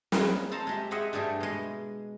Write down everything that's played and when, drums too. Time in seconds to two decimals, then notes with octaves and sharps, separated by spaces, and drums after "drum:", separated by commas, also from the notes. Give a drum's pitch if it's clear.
0.12 A#3 C4 G#4 B4 D#5, drum: snare
0.51 A4 C5 A5 A#5
0.67 G#3 G4 E5
0.91 G4 G#4 C5 D#5 E5 F#5
1.13 G2 G3 A3 G#4 D5
1.40 B2 G#3